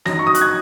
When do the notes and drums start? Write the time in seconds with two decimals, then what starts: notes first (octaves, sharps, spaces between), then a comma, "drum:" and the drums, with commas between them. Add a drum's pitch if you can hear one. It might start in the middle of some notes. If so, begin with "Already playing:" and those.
0.05 F#2 F#3 D#4 A#6, drum: snare
0.19 C#6
0.27 D#6
0.35 F#6, drum: hi-hat
0.41 G#6